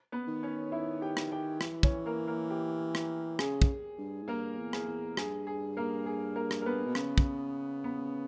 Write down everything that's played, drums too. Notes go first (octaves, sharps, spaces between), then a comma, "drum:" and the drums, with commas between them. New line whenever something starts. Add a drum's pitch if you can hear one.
B3 B4
D#3
C#4 C#5
E4 E5
G4 G5
drum: rim click
G4 G5
E3, drum: rim click
C#4 C#5, drum: kick
A#3 A#4
A#3 A#4
G4
drum: rim click
C#3 G#4, drum: rim click
drum: kick
G2
G#2
G2 A#3 A#4
E2
G#4, drum: rim click
E2
G2 G#4, drum: rim click
G#4
A#3 A#4
G#4
A#3 A#4
drum: rim click
A#4
B3 B4
B2
C#3, drum: rim click
drum: kick
B3 B4